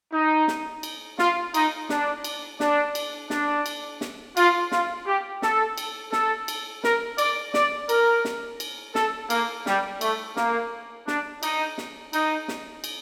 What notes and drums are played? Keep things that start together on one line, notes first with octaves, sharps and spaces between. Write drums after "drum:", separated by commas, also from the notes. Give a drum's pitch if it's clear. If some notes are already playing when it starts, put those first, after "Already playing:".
D#4
drum: snare
drum: cymbal
F4, drum: snare
D#4, drum: cymbal
D4, drum: snare
drum: cymbal
D4, drum: snare
drum: cymbal
D4, drum: snare
drum: cymbal
drum: snare
F4, drum: cymbal
F4, drum: snare
G4
A4, drum: snare
drum: cymbal
A4, drum: snare
drum: cymbal
A#4, drum: snare
D5, drum: cymbal
D5, drum: snare
A#4, drum: cymbal
drum: snare
drum: cymbal
A4, drum: snare
A#3, drum: cymbal
G3, drum: snare
A3, drum: cymbal
A#3, drum: snare
D4, drum: snare
D#4, drum: cymbal
drum: snare
D#4, drum: cymbal
drum: snare
drum: cymbal